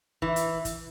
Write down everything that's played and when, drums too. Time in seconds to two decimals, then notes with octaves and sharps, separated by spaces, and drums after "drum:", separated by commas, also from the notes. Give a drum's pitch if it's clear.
0.22 E3, drum: kick
0.36 drum: hi-hat
0.65 drum: kick, hi-hat